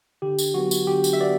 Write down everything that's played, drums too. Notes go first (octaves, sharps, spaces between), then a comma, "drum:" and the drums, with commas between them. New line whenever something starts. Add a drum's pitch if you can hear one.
D3 G4
drum: tambourine
F#3 B3 F#4
drum: tambourine
D3 G4
drum: tambourine
E5
B3 D5